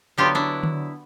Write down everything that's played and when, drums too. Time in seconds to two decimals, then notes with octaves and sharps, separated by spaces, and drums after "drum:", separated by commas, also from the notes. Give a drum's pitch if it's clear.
0.18 D3 F#3 B3 F4 G4
0.35 D4 E4
0.63 drum: tom D3